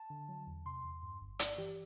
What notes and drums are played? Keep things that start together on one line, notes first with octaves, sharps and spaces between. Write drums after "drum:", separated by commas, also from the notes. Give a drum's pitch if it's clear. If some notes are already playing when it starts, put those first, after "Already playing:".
Already playing: A5
D3
F#3
E2
C3 C6
E2
G2
G1
G2 D5, drum: hi-hat
E3 G4